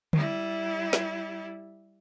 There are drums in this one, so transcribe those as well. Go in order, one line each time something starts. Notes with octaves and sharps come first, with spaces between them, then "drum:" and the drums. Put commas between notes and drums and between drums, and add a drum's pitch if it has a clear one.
G3 E4, drum: tom D3
drum: snare